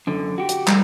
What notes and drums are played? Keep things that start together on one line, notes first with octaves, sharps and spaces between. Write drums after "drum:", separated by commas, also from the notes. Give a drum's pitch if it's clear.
F#2 D3
F#4 G4
drum: hi-hat
A2 G3, drum: clap